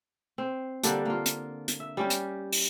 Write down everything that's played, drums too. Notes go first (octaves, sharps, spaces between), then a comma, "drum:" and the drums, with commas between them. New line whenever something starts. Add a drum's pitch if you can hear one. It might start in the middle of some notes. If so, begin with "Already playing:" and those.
C4
D3 G3 A#3 D4, drum: hi-hat
A#3 F4
drum: hi-hat
drum: hi-hat
E5
G3 C#4 G4
drum: hi-hat
drum: open hi-hat